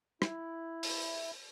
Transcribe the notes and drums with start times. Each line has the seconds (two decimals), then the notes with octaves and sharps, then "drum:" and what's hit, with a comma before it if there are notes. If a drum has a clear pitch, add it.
0.22 E4, drum: rim click
0.83 drum: open hi-hat